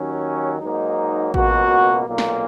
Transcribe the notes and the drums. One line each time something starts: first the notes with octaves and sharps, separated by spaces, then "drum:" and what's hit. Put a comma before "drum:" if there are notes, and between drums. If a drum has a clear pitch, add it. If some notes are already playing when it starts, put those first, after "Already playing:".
Already playing: D#2 D#3 F#3 C#4
G#2 F#3 A#3 D#4
C#2 B2 A#3 F#4, drum: kick A1
B1 A#2 A#3
drum: snare